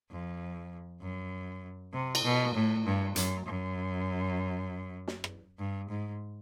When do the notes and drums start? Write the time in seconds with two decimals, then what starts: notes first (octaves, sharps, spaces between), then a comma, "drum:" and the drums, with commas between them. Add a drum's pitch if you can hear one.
0.11 F2
1.02 F#2
1.94 C3
2.15 drum: cymbal
2.24 B2
2.55 A2
2.85 G2
3.16 F#2, drum: hi-hat
3.46 F#2
5.08 drum: snare
5.24 drum: rim click
5.60 G2
5.90 G#2